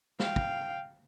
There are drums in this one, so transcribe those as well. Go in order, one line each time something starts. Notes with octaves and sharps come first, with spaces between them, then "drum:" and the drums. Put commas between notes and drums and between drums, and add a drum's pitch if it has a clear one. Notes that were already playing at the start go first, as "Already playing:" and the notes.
F5 G5, drum: snare
drum: kick